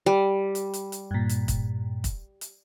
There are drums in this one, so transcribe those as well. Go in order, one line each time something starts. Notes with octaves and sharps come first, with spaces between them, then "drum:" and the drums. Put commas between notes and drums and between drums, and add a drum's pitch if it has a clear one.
G3
drum: hi-hat
drum: hi-hat
drum: hi-hat
G2 A#2
drum: hi-hat
drum: kick, hi-hat
drum: kick, hi-hat
drum: hi-hat